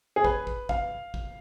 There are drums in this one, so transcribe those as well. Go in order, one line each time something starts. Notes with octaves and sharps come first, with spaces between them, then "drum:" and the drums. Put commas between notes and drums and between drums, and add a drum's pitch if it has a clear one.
G#4
B4, drum: kick
drum: kick
F5, drum: kick
drum: kick